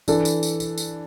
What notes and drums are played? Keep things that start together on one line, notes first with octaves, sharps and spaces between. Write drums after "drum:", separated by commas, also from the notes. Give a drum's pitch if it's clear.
E3 D4 A4, drum: tambourine
drum: tambourine
drum: tambourine
drum: tambourine
drum: tambourine